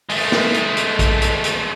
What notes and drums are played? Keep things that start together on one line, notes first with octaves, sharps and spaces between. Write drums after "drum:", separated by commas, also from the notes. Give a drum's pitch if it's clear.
G#3 A3, drum: open hi-hat
drum: snare
drum: hi-hat
drum: hi-hat
drum: kick, hi-hat
drum: hi-hat
drum: hi-hat